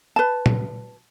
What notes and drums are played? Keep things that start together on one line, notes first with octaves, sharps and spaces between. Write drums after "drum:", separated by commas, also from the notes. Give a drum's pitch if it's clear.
B4 A5
drum: tom